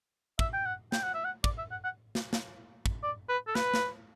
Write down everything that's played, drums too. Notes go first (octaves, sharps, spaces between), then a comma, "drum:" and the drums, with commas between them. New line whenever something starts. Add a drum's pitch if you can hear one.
E5, drum: kick
G5
F#5
G5, drum: snare
F#5
E5
F#5
D5, drum: kick
E5
F#5
F#5
drum: snare
drum: snare
drum: kick
D5
B4
A4
B4, drum: snare
drum: snare